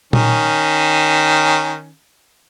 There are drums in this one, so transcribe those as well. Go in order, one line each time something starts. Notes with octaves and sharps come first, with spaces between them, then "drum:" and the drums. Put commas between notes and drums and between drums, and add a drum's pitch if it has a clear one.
D#3 C#4, drum: tom A#2